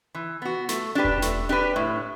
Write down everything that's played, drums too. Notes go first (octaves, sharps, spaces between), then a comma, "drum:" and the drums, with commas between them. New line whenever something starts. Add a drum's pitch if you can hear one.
E3
B3 F#4
A3, drum: snare
D4 G4 B4
drum: kick E1
A3, drum: snare
D4 G4 B4
A2